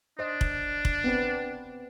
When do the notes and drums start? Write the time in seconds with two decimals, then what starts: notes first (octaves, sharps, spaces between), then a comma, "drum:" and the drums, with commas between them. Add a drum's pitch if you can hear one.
0.19 D4 C5 D#5
0.41 drum: kick F1
0.85 drum: kick F1
1.04 B3 C4 B4